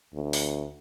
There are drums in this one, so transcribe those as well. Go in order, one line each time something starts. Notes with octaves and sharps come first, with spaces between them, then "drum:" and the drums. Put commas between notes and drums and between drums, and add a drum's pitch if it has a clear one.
D2
drum: open hi-hat